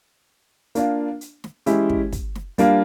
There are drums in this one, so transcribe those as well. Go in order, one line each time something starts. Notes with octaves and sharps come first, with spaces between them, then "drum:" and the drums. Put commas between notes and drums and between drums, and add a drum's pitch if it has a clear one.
A#3 D4 F4, drum: hi-hat
drum: hi-hat
drum: snare
E3 G#3 C#4 E4 G4, drum: hi-hat
drum: kick
drum: kick, hi-hat
drum: snare
G3 A#3 D4 F4, drum: hi-hat